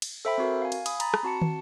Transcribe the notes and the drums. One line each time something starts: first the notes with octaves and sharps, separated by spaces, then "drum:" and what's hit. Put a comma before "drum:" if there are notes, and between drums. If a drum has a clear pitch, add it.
drum: cymbal
A4 C5 E5 G5 B5
C4 F#4 A#4
F5 G#5
drum: cymbal
G#5 B5 D#6, drum: cymbal
A#5 B5 A6, drum: cymbal
drum: rim click
C4 F#4 A5 C#7
drum: tom